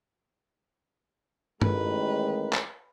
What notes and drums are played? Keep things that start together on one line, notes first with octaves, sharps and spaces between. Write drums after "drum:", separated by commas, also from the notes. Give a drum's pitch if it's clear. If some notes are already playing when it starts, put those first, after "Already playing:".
A1 D#3 G#3 B4, drum: tom
drum: clap